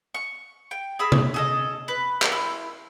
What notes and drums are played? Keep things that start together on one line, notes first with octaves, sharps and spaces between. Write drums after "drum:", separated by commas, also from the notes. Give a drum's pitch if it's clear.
C#6
G5
G#4 A#5 B5 E6
drum: tom C3
G#4 A4 D#5
B4
drum: clap
E4